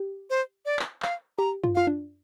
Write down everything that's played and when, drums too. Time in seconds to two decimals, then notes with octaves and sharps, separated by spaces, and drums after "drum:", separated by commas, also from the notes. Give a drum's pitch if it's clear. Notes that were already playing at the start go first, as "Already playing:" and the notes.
Already playing: G4
0.30 C5
0.65 D5
0.79 drum: clap
1.02 F5, drum: clap
1.38 G4 A#5
1.64 F4, drum: tom F#2
1.75 F4 F5
1.87 D4